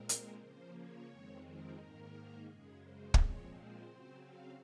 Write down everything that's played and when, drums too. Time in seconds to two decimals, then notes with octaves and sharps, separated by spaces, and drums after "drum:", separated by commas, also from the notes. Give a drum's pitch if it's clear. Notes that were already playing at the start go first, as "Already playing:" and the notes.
Already playing: A#2 G#3 C4 A#4
0.09 drum: hi-hat
0.36 C#3 F3 A#3 C5
0.72 C#5
1.06 F2 D#3 G#3 C4
1.40 A#4
1.75 G#2 D#3 A#3 A#4
2.44 F#2 C#3 G#3 G#4
2.80 C5
3.14 A#2 F3 G#3 C4 C#5, drum: kick
3.49 C5
3.84 C#3 F#3 C4 C5
4.18 F5